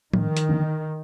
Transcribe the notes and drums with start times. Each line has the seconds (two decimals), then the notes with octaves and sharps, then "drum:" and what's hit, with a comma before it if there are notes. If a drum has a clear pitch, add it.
0.14 A2 D#3 G3 A#3 D4, drum: tom F3
0.37 drum: hi-hat
0.49 D3 F3 A#3 D4